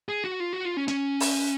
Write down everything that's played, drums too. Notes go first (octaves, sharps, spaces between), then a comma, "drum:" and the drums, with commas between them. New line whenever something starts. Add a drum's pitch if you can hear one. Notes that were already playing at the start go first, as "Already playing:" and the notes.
G#4
F#4
F4
F#4
F4
C#4
C#4, drum: hi-hat
drum: open hi-hat